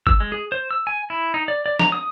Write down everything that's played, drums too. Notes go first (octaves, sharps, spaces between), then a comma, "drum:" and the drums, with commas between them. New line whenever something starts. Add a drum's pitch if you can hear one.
E6, drum: kick G1
G#3
G#4
C5
E6
G#5
E4
D#4
D5
D5
A#5, drum: snare
D#6